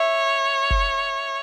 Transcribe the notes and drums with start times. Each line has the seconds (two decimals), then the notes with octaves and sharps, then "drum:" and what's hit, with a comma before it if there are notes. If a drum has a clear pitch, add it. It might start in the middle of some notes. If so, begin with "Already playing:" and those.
Already playing: C#5 E5
0.71 drum: kick F#1